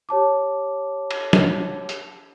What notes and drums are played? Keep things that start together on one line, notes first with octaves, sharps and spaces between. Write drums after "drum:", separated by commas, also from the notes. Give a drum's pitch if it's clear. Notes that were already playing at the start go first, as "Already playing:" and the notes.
G4 C#5 A5 D6
drum: cymbal
drum: snare
drum: hi-hat